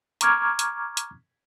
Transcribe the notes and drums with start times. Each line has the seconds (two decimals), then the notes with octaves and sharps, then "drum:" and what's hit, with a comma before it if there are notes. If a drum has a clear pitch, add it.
0.21 A#5 C#6 D6 F6 G#6, drum: hi-hat
0.59 drum: hi-hat
0.97 drum: hi-hat